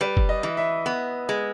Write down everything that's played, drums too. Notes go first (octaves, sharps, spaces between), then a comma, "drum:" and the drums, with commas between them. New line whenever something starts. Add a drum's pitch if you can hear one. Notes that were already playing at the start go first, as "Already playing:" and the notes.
G3 B4
drum: kick F#1
D#5
E3
E5
B3
G#3